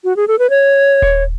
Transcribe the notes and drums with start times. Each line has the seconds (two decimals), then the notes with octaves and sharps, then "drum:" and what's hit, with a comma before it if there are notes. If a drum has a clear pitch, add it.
0.04 F#4
0.16 G#4
0.28 A4
0.39 B4
0.50 C#5
1.02 drum: kick D#1